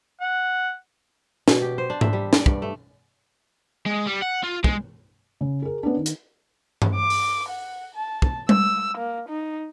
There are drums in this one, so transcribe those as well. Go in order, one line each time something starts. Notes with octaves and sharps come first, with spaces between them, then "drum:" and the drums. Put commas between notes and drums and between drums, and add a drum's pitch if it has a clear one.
F#5
B2, drum: snare
G4
C5
D4
E5, drum: tom G#2
G3
D5, drum: snare
G2, drum: kick
A3
G#3
G3
F#5
F4
G#3, drum: kick
C#3
G#4 A#4
B3 C#4 D4
D#3
drum: hi-hat
drum: tom G2
D6
drum: open hi-hat
F#5
A5
drum: kick
E6, drum: tom G3
A#3
D#4